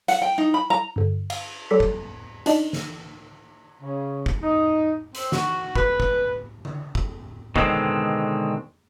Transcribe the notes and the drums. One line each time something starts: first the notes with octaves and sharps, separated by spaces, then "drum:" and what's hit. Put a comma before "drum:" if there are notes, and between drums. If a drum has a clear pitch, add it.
F#5, drum: hi-hat
G5
D#4
B5
A#5
G2 D3
F5, drum: cymbal
F#3 G3 A4 D6 B6
drum: kick
D4 D#4 D5 D#5, drum: hi-hat
drum: snare
C#3
drum: kick
D#4
C4, drum: hi-hat
F#4, drum: snare
B4, drum: kick
drum: kick
drum: tom D3
drum: kick
B2 D3 D#3 G#3 A#3 C4, drum: kick